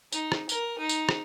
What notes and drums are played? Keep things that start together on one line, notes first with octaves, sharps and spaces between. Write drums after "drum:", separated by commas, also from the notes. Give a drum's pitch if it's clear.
D#4, drum: tambourine
drum: rim click
A#4, drum: tambourine
D#4
drum: tambourine
drum: rim click